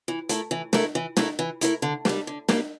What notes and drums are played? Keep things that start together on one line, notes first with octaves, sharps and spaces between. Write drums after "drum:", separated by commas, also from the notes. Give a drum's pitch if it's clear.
E3
A3 E4 A#4, drum: hi-hat
E3
A3 E4 A#4, drum: snare
E3
A3 E4 A#4, drum: snare
E3
A3 E4 A#4, drum: hi-hat
D3
A#3, drum: snare
G3
D3
G3 A#3, drum: snare